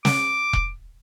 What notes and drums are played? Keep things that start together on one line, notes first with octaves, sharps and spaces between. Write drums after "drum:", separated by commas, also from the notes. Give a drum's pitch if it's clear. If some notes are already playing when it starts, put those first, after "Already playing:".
D6, drum: snare
drum: kick E1